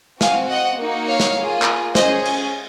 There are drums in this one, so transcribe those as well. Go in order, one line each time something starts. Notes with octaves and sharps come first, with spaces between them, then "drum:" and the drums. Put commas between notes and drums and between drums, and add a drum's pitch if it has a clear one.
C4 F#4 F5 G#5, drum: snare
D#5 F#5
A#3 D#4 F#4
C#5 F5
drum: snare
A#3 F4 G#4
drum: clap
C#4 G#4 C5 D#5, drum: snare
drum: cymbal